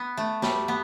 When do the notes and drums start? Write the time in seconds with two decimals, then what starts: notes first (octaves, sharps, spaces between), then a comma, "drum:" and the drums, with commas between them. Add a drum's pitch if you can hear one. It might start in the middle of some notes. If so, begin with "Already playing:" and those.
Already playing: B3
0.17 A3
0.42 G3, drum: snare
0.68 B3